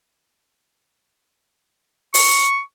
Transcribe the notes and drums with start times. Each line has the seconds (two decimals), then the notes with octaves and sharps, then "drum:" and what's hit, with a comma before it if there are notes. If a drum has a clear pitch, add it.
2.14 C#6, drum: open hi-hat